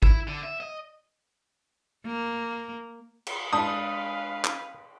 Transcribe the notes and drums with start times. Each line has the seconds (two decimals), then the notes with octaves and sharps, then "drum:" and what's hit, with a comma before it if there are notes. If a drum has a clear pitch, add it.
0.03 E4, drum: kick G#1
0.27 D3
0.43 E5
0.60 D#5
2.05 A#3
3.27 drum: cymbal
3.53 G#3 D4 B4 D#5 F5 A5 D#6
4.44 drum: clap